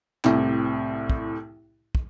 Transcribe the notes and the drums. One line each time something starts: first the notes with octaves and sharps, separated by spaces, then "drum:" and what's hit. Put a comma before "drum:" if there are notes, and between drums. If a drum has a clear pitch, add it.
C2 A2 C3, drum: clap
drum: kick
drum: kick